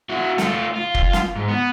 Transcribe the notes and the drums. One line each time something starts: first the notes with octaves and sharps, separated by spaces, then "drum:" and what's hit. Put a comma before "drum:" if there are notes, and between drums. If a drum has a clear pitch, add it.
E4 F#4
A3 F4, drum: snare
F4
drum: kick
drum: snare
G#2
B3